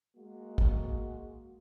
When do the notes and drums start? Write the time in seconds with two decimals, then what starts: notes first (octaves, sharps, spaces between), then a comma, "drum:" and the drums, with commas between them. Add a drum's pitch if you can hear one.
0.16 G#3 A#3 F#4
0.58 drum: kick